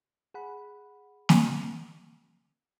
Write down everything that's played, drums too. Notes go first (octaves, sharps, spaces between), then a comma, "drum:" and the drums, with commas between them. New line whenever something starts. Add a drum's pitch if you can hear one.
G#4 F#5 B5
drum: snare